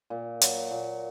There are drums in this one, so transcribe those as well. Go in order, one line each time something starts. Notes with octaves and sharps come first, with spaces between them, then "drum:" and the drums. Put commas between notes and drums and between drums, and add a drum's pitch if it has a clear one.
A#2
F#3, drum: hi-hat
A#2